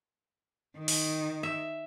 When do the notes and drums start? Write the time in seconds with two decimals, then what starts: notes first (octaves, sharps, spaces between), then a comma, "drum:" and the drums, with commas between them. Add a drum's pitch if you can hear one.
0.78 D#3
0.88 drum: open hi-hat
1.43 E5